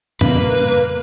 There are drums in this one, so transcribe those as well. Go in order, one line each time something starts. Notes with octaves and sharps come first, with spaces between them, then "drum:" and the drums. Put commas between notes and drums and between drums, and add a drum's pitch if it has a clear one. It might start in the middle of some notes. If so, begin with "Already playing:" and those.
A#2 C#3 G3 A#3 B4, drum: tom F2